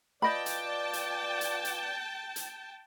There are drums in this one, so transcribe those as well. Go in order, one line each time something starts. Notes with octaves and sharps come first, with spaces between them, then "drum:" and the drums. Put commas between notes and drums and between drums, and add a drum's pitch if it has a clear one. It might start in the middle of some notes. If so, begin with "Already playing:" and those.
F4 B4 D5 D#5 G5 A5 B5
drum: hi-hat
drum: hi-hat
drum: hi-hat
drum: hi-hat
drum: hi-hat